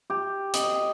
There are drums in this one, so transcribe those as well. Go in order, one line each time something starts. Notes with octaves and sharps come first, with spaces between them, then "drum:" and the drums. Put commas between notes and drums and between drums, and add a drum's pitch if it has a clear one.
G4
D#5, drum: hi-hat